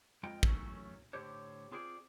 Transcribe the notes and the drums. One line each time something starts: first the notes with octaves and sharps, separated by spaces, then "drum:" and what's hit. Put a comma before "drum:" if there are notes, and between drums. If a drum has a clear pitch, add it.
F2 G#3 F4 D#5 G5
E3 F#3 A3 C#4, drum: kick
A2 D3 G4 C5 C#5
C4 F4 G#4 C5 D5